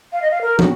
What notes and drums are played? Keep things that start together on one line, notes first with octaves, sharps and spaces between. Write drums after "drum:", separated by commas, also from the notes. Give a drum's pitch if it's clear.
F5
D#5
F5
A#4
F#4, drum: tom